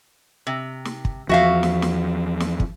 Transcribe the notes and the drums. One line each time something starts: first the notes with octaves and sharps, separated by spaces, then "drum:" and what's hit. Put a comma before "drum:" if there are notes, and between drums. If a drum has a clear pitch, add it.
C3
drum: snare
drum: kick
E2 F3 F#4 E5 F5
drum: snare
drum: snare
drum: snare
drum: kick